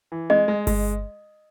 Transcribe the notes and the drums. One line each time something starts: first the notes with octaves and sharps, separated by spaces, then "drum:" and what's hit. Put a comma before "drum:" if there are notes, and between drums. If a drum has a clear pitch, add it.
E3
G#3 D#5, drum: tom C4
G#3
G#3, drum: kick G1, open hi-hat